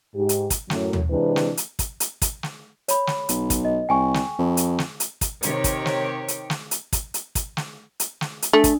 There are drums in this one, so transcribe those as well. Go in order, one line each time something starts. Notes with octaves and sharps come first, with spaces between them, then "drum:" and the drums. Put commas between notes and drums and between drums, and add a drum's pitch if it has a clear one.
G#2 G4
drum: hi-hat
drum: kick, hi-hat
F#2 A2 F#3, drum: snare
drum: tom
C3 E3 G#3 C4 D4 B4
drum: snare
drum: hi-hat
drum: kick, hi-hat
drum: hi-hat
drum: kick, hi-hat
drum: snare
C#5 B5, drum: hi-hat
drum: snare
B1, drum: hi-hat
drum: kick, hi-hat
D#5
C2 G5 G#5 C#6
drum: snare
F2
drum: hi-hat
drum: snare
drum: hi-hat
drum: kick, hi-hat
C3 D#3 G4 C#5, drum: hi-hat
drum: kick, hi-hat
drum: snare
drum: hi-hat
drum: snare
drum: hi-hat
drum: kick, hi-hat
drum: hi-hat
drum: kick, hi-hat
drum: snare
drum: hi-hat
drum: snare
drum: hi-hat
A3 D4
drum: kick, hi-hat